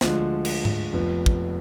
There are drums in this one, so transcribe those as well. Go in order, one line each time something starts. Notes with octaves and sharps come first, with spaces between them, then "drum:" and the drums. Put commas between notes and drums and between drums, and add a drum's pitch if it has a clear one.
D2 D3 F3 G#3, drum: snare
drum: cymbal
drum: tom G#2
F1 F2 F3 B3
drum: kick